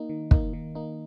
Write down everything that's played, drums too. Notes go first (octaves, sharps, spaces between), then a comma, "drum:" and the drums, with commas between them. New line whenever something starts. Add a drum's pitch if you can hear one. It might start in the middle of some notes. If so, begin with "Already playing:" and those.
Already playing: A#3 D#4
D#3
A#3 D#4, drum: kick
D#3
A#3 D#4